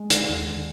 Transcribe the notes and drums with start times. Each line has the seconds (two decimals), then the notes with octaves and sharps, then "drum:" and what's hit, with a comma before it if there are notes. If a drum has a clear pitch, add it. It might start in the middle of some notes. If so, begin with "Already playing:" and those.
Already playing: G#3
0.10 D3, drum: hi-hat
0.29 D#2
0.47 D3